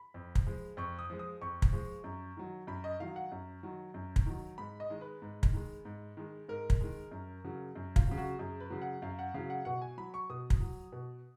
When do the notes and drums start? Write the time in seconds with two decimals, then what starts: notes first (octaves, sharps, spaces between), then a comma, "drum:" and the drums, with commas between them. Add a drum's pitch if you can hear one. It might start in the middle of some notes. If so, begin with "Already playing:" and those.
Already playing: B5
0.14 F2
0.35 drum: kick
0.47 F3 G#3
0.77 F2 C#6
0.99 D#6
1.10 F3 G#3
1.19 D#6
1.41 F2 C#6
1.62 drum: kick
1.73 F3 G#3
2.04 F#2
2.37 D#3 F#3
2.67 F#2 B5
2.84 D#5
3.00 D#3 F#3 F5
3.16 F#5
3.32 F#2
3.63 D#3 F#3
3.94 F#2
4.16 drum: kick
4.26 D#3 F#3
4.58 G#2 B5
4.80 D#5
4.90 D#3 G#3
5.01 B4
5.22 G#2
5.43 drum: kick
5.53 D#3 G#3
5.85 G#2
6.17 D#3 G#3
6.48 G#2 A#4
6.70 drum: kick
6.81 D#3 G#3
7.11 F#2
7.44 C#3 F#3
7.75 F#2
7.96 F4, drum: kick
8.07 C#3 F#3
8.18 F#4
8.39 F#2 G#4
8.60 B4
8.70 C#3 F#3
8.82 F#5
9.02 F#2 F5
9.19 F#5
9.34 C#3 F#3 F5
9.50 F#5
9.65 B2 F#5
9.82 G#5
9.98 F#3 B5
10.14 C#6
10.29 B2 D#6
10.50 drum: kick
10.60 F#3
10.92 B2